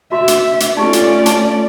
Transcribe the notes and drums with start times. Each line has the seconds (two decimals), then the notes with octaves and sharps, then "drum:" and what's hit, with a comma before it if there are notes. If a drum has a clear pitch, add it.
0.12 F#4 E5 C6
0.28 drum: hi-hat
0.60 drum: hi-hat
0.77 A3 C#4 D#4 F4 G4 D5
0.93 drum: hi-hat
1.26 A5, drum: hi-hat